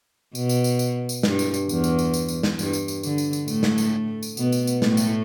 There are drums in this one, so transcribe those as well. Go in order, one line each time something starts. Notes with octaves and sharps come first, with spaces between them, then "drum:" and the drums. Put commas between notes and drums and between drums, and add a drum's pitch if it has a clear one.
B2, drum: tambourine
drum: tambourine
drum: tambourine
drum: tambourine
drum: tambourine
G2, drum: snare
drum: tambourine
drum: tambourine
E2, drum: tambourine
drum: tambourine
drum: tambourine
drum: tambourine
drum: tambourine
drum: snare
G2, drum: tambourine
drum: tambourine
drum: tambourine
D3, drum: tambourine
drum: tambourine
drum: tambourine
A2 A3, drum: tambourine
drum: snare
drum: tambourine
drum: tambourine
B2 B3, drum: tambourine
drum: tambourine
drum: tambourine
A2 A3, drum: snare
drum: tambourine